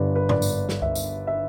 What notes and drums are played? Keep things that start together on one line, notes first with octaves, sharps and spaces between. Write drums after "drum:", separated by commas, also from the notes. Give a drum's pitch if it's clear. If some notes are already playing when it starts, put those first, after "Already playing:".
Already playing: G1 G2 D3 G3 B4 D5
B4
D5, drum: tom G#2
drum: tambourine
drum: snare
E5, drum: kick C#2
drum: tambourine
E5